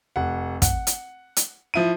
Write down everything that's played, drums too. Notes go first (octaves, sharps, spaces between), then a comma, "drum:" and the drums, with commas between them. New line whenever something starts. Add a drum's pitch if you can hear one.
F1 F#5
F#5, drum: kick, hi-hat
drum: hi-hat
drum: hi-hat
F3 E4 D#7